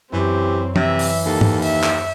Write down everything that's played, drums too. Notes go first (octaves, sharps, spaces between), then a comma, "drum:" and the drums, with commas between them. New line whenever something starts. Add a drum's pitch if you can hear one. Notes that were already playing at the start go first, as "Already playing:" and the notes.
F#2 E3 C4 G4
C3 E3 E5 G#6 A#6, drum: tom
drum: open hi-hat
D#2 A4
drum: tom
E5, drum: open hi-hat
drum: clap